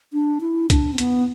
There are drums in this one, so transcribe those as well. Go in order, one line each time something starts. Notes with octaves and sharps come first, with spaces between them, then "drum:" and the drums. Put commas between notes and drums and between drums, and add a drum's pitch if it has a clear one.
D4
E4
D4, drum: kick C2, hi-hat
C4
B3, drum: hi-hat